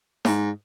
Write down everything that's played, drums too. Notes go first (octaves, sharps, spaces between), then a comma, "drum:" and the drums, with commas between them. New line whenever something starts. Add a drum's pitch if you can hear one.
G#2, drum: snare